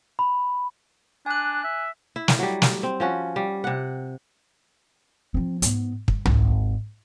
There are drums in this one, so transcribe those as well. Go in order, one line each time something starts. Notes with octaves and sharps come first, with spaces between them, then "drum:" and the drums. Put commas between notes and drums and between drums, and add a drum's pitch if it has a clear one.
B5
D4 G#5 F#6
E5
E4
drum: snare
F#3 G3
drum: snare
C4
F3 C#4 F#4
G3
C3 F#5
F3 C4
G#2 B3, drum: hi-hat
G2, drum: kick
G#1 D#2, drum: tom C2